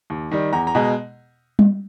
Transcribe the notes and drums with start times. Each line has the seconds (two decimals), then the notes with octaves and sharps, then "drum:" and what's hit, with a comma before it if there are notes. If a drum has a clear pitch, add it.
0.10 D#2
0.31 D#3 G3
0.53 E2 A#5
0.67 A#5
0.75 B2 G#3
1.59 drum: tom G3